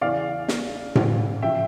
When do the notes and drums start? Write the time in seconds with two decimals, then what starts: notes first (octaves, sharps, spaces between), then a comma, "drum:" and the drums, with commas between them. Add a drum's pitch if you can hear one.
0.01 E2 C#3 E3 D5 F5
0.48 drum: snare
0.95 drum: tom A2
1.42 C#3 F3 E5 G5